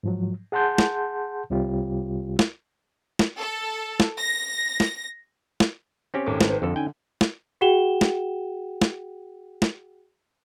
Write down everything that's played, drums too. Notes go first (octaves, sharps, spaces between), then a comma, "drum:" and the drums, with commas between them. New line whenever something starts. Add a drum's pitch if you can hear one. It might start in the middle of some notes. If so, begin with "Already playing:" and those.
G#2 F3 F#3
G#4 F#5 A5 C6 G6
drum: snare
C2 C3 G3 F4 G4
drum: snare
drum: snare
A4
drum: snare
A#6
drum: snare
drum: snare
C4 C#4 G4
G#1 A3 D6
B4 C5, drum: snare
F2 D3 A4
C#4 D#4 G5 G#5
drum: snare
F#4 G#4 F#5 G5 E7 G7
drum: snare
drum: snare
drum: snare